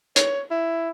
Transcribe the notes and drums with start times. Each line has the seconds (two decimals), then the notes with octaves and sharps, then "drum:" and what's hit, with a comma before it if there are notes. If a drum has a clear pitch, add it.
0.16 C#5, drum: hi-hat
0.51 E4